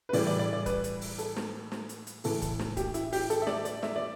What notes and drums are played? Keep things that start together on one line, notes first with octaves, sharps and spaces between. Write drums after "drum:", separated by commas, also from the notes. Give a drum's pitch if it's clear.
B4
A2 E3 G3 D5, drum: open hi-hat
D5
D5
D5
B4, drum: kick C#1, hi-hat
drum: hi-hat
drum: open hi-hat
A4, drum: hi-hat
drum: snare
drum: snare
drum: hi-hat
drum: hi-hat
A2 E3 A3 A4, drum: open hi-hat
drum: kick C#1, hi-hat
drum: snare
G4, drum: kick C#1, hi-hat
E4, drum: hi-hat
G4, drum: open hi-hat
A4, drum: hi-hat
E5
D5, drum: snare
D5, drum: hi-hat
E5, drum: snare
D5